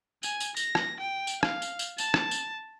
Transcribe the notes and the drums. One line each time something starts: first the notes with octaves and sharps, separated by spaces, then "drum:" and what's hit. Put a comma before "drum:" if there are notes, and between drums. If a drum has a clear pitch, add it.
G#5, drum: tambourine
drum: tambourine
A#6, drum: tambourine
drum: rim click
G5
drum: tambourine
F5, drum: rim click
drum: tambourine
drum: tambourine
A5, drum: tambourine
drum: rim click
drum: tambourine